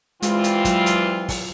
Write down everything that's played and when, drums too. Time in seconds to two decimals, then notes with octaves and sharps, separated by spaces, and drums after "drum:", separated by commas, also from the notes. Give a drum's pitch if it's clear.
0.22 E3 G3 G#3 C4 F4, drum: hi-hat
0.44 drum: hi-hat
0.65 F#3, drum: kick, hi-hat
0.86 drum: hi-hat
1.29 drum: kick, open hi-hat